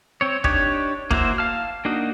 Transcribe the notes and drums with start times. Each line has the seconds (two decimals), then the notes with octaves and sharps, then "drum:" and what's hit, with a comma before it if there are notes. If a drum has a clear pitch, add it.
0.21 C4 C#5
0.44 D4 D#4 G4 C#5, drum: kick
1.11 A#3 E4 F#4 C5 E5, drum: kick
1.38 F5 A5 F6
1.85 A#3 D4 D#4 F#4